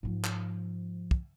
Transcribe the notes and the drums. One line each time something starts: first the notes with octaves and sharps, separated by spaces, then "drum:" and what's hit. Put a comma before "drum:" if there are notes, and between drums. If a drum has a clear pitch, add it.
G#2 F3
drum: clap
drum: kick